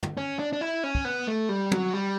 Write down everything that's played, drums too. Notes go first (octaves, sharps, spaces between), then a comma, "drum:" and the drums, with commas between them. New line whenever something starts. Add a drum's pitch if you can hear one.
drum: tom
C#4
D4
D4
E4
C#4
drum: kick
B3
A3
G3
F#3, drum: tom
G3